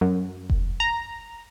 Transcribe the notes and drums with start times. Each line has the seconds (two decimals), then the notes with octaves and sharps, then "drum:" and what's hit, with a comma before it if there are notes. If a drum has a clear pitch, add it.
0.01 F#2
0.50 drum: kick F1
0.80 A#5